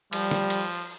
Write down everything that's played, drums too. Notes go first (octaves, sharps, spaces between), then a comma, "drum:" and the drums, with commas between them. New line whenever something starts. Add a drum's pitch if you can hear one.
F3 G3, drum: cymbal
drum: snare
drum: cymbal